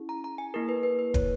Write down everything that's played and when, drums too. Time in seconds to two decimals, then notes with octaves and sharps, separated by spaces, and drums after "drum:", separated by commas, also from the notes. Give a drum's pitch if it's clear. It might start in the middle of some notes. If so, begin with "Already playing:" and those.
Already playing: C#4 E4 G#4
0.09 A#5
0.24 A#5
0.38 G#5
0.54 A#3 E4 G#4 A#4
0.69 B4
0.83 B4
0.99 B4
1.14 C#5, drum: kick, hi-hat